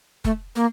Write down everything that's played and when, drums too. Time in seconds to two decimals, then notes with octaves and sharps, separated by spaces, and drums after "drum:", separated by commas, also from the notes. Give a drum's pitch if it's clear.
0.25 A3, drum: kick F1
0.56 A#3